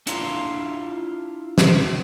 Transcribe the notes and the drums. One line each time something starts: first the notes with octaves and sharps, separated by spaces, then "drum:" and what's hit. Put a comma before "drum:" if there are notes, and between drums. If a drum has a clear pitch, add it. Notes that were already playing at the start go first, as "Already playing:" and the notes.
D4 E4 F4 F5 A#5 C6, drum: hi-hat
drum: snare